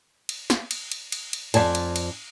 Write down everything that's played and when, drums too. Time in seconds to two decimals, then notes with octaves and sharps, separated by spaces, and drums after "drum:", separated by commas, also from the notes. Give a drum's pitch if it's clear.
0.29 drum: cymbal
0.50 drum: snare
0.71 drum: cymbal
0.92 drum: cymbal
1.12 drum: cymbal
1.33 drum: cymbal
1.54 F2 G#2 D5 G#5 A5, drum: cymbal
1.75 drum: cymbal
1.96 drum: cymbal